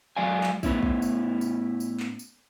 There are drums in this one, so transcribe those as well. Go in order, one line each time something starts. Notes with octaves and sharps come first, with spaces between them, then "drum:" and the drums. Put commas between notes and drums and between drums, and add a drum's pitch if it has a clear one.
F#2 F#3 G#3 D5 F5 G#5
drum: clap
A2 B3 C#4 E4, drum: kick, tambourine
drum: kick
drum: tambourine
drum: tambourine
drum: tambourine
drum: clap
drum: tambourine